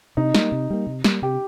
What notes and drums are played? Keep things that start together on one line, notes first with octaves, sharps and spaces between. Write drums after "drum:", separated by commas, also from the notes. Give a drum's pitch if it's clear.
C3 D#4
G3 A#3, drum: snare
C3
G3 A#3
C3
G3 A#3, drum: snare
C3 G4